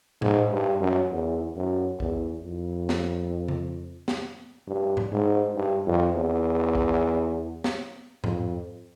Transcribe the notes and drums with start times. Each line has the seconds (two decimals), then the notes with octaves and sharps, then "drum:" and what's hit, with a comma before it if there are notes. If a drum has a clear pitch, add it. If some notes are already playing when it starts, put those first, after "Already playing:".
0.22 G#2, drum: tom A2
0.52 G2
0.81 F#2
1.11 E2
1.56 F#2
2.00 E2, drum: kick A#1
2.44 F2
2.89 drum: snare
3.48 drum: tom C#3
4.08 drum: snare
4.68 G2
4.97 drum: tom G#2
5.12 G#2
5.56 G2
5.86 F2
6.15 E2
6.75 drum: kick A#1
7.64 drum: snare
8.24 F2, drum: tom G#2